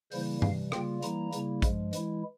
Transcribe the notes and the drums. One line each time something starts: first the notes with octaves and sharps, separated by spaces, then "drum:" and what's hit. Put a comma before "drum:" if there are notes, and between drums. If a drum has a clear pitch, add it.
C#3 E3 G3 A#3 E4 C5, drum: open hi-hat
C3 E3 G3 F5, drum: tom G2
C#3 G3 A#3 F4 G5, drum: rim click
E3 G3 A#3 E4 A#5, drum: hi-hat
C#3 G3 A#3 E4, drum: hi-hat
G2 F3 G#3, drum: kick, hi-hat
E3 G#3 E4, drum: hi-hat